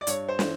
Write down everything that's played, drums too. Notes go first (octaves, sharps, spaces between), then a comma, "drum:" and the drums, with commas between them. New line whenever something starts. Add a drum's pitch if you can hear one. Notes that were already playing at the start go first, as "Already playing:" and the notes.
D5
G2 C#5, drum: hi-hat
C5
E3, drum: snare